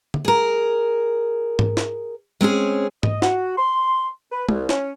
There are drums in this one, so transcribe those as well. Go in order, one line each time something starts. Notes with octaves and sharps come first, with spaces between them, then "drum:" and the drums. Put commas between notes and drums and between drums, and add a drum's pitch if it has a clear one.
drum: tom
G#4 A#4
drum: tom G#2
drum: snare
G#3 C4 C#4 G#4
D#5, drum: tom G#2
F#4, drum: snare
C6
B4
C2, drum: tom
C#4, drum: snare